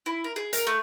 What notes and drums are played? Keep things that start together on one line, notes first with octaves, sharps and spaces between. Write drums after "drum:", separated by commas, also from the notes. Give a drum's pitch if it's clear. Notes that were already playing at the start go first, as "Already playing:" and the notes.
E4
A#4
G#4
A#4, drum: hi-hat
A3